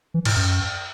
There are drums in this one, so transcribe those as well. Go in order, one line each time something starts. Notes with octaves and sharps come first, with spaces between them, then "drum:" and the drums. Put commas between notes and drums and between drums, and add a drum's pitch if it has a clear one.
E3
A2, drum: cymbal
F#2